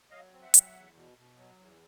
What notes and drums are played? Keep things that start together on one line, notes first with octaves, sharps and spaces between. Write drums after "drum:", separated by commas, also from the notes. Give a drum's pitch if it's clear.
F#3 D#5 F5
C4
E5 F#5
F#3, drum: hi-hat
E2
B2
B2
F#3
E2